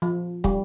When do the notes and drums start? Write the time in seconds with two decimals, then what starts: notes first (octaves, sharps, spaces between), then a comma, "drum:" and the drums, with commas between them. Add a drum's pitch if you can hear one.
0.02 F3
0.44 G3, drum: kick